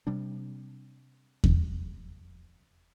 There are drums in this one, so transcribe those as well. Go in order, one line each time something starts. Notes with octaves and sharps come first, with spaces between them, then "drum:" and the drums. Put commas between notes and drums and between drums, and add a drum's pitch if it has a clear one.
C3 G3 D4
drum: kick E2